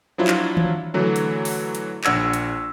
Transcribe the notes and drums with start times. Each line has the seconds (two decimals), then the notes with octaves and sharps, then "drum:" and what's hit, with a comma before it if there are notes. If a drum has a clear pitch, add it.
0.18 F3 F#3 D4 E4 F4
0.27 drum: clap
0.57 drum: tom D#3
0.94 D3 E3 F#3 A3
1.16 drum: hi-hat
1.45 drum: open hi-hat
1.75 drum: hi-hat
2.04 A#1 D4 F#5 E6 G#6 A#6, drum: clap
2.34 drum: hi-hat